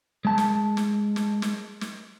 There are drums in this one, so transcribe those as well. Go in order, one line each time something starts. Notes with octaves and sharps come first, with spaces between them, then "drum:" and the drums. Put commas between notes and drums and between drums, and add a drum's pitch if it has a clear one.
G#3 A5
drum: snare
drum: snare
drum: snare
drum: snare
drum: snare